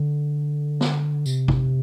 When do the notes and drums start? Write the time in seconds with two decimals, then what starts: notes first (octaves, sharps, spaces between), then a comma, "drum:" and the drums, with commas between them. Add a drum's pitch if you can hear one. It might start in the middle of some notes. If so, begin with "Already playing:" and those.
Already playing: D3
0.81 drum: snare
1.26 C3, drum: tambourine
1.48 drum: kick